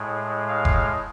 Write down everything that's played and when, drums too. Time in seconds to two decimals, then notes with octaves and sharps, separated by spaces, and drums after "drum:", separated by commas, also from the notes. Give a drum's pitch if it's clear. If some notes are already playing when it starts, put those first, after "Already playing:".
Already playing: A2 G#3
0.48 F5
0.65 drum: kick F1